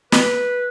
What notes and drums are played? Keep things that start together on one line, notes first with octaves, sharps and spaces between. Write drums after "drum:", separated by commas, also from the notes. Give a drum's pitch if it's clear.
B4, drum: snare